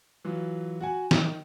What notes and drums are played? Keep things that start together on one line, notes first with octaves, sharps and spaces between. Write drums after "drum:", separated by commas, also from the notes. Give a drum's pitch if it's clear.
E3 F#3 F4
F#4 F#5 G#5
D#3, drum: snare